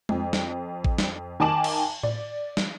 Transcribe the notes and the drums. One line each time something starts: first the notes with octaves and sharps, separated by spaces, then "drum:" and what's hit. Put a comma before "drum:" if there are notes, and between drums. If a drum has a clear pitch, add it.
F2, drum: tom G#3
drum: snare
drum: kick A1
drum: snare
D#3 G#5 A5 D6 E7 F#7
drum: cymbal
D5, drum: tom A2
drum: snare